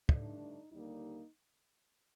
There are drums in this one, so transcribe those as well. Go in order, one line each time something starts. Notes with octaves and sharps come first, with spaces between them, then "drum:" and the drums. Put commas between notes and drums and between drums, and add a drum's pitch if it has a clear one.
G2 D3 A3 D4 D#4, drum: kick
D#4
D#2 D3 G3 A#3 D#4